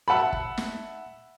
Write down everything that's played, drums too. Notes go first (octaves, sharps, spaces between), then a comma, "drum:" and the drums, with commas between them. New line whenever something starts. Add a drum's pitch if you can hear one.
E5 F#5 A5 B5
drum: kick
drum: snare